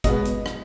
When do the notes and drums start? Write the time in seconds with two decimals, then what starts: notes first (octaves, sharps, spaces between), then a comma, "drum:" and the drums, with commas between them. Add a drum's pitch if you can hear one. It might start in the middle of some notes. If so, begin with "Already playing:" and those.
0.04 B2 G#3 B3 D#5, drum: kick, hi-hat
0.25 drum: hi-hat
0.46 drum: rim click